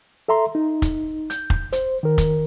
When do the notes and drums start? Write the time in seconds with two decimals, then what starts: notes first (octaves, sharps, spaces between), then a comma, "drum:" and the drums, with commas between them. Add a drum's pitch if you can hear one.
0.28 A4 E5 A#5 C6
0.55 D#4
0.82 drum: kick F1, hi-hat
1.30 G6, drum: hi-hat
1.50 drum: kick F1
1.73 C5, drum: hi-hat
2.03 D#3 A#4
2.18 drum: kick F1, hi-hat